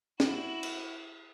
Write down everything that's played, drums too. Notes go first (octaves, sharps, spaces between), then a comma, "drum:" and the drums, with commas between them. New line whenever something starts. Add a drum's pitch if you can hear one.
E4 F#4, drum: snare
drum: cymbal